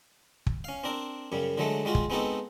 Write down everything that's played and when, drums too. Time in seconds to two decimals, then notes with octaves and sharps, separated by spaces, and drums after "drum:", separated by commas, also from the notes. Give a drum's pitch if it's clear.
0.46 drum: kick
0.64 C#4 F5
0.84 C4 D4 A#4
1.32 F#2 C#3 G3
1.58 D3 F#3 G#3 A3
1.85 G3 G#3 F4 F#4
1.95 drum: kick
2.10 G#3 B3 C4 D#4 F#4 A4